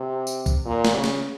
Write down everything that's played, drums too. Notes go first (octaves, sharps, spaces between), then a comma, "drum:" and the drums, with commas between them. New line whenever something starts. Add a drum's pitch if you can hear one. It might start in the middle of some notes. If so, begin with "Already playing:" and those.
Already playing: C3
drum: tambourine
drum: kick B1, tambourine
A#2
drum: snare
C#3
drum: snare